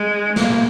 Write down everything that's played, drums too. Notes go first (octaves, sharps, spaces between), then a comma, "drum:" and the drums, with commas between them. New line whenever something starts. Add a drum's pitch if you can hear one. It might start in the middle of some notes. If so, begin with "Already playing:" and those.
Already playing: G#3
A#3, drum: snare
drum: tom